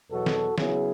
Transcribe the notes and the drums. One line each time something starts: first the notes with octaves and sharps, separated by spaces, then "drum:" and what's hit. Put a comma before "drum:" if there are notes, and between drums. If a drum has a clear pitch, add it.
E2 B2 F#3 F#4 A4
drum: snare
C#3 F#3 B3 E4 G#4, drum: snare